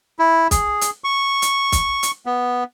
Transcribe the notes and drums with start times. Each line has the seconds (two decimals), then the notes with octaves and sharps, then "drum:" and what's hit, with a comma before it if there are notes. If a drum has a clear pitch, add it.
0.19 E4
0.51 G#4, drum: kick, hi-hat
0.81 drum: hi-hat
1.04 C#6
1.42 drum: hi-hat
1.72 drum: kick, hi-hat
2.03 drum: hi-hat
2.26 B3